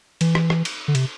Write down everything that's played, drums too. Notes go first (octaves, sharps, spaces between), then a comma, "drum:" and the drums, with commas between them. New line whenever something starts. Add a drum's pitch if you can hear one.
E3, drum: cymbal
drum: rim click
drum: rim click
drum: cymbal
D3
C3, drum: cymbal